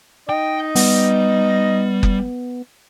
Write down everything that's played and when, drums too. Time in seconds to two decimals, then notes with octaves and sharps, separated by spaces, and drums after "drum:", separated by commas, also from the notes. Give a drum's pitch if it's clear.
0.29 D#4 D#5 G5
0.75 G3 B3, drum: open hi-hat
2.03 drum: kick F#1